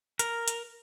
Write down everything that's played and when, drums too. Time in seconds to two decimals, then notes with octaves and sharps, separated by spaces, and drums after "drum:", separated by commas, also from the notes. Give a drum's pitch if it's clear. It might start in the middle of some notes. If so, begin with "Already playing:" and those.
0.19 A#4, drum: hi-hat
0.48 drum: hi-hat